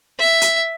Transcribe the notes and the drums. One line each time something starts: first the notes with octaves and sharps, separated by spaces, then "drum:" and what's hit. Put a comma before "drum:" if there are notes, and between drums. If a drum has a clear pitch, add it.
E5
drum: hi-hat